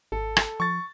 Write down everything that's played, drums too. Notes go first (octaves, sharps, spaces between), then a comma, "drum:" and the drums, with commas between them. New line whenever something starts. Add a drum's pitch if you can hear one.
G#1 A4
drum: rim click
F3 C#6 A6